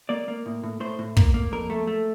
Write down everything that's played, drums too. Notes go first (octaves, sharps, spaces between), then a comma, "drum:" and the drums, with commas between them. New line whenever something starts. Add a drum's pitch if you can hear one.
A#3 D5
A#3
A2
A2
A2 C5
A2
A#3, drum: kick
A#3
F2 A#4
A3
A3